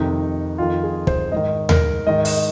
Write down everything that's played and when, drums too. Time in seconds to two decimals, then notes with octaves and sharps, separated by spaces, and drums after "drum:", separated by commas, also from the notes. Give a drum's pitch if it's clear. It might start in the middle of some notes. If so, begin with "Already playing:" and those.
Already playing: F2 C3 D#3 D#4
0.58 F2 D#3 F4
0.83 G#4
1.07 C5, drum: kick
1.32 G#2 D#3 D#5
1.69 A#4, drum: tom D#2
2.06 G#2 D#3 D#5
2.25 D#5, drum: open hi-hat